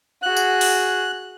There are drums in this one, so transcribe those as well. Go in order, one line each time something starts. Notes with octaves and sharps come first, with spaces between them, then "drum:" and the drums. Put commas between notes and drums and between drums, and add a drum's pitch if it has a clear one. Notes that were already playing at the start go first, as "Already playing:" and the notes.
F#4 G#4 F#6
drum: tambourine
drum: open hi-hat